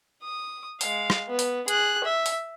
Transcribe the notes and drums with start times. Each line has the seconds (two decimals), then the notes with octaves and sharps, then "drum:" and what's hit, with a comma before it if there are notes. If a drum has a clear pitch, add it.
0.23 D#6
0.81 G#3 F5, drum: open hi-hat
1.10 drum: rim click
1.28 B3
1.39 drum: open hi-hat
1.68 G#4 F#6, drum: hi-hat
2.04 E5
2.26 drum: open hi-hat